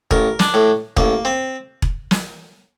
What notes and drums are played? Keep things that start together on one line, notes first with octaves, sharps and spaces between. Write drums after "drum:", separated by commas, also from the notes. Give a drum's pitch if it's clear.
A1 A#4, drum: kick E1
D4, drum: snare
A2
A1 A#3, drum: kick E1
C4
drum: kick E1
drum: snare